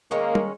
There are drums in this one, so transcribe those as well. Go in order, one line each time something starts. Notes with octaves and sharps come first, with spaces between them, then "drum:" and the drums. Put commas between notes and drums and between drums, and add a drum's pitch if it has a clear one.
D#3 G#3 A#3 C#4
drum: tom